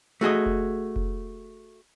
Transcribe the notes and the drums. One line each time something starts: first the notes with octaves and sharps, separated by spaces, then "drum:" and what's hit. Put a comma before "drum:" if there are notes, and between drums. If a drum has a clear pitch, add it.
A3 F#4 G#4 D#5
drum: kick F1
drum: kick F1